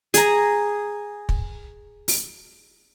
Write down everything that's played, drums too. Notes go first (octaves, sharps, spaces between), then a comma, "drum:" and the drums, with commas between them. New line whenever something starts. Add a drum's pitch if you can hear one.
G#4 A#5, drum: hi-hat
drum: kick
drum: open hi-hat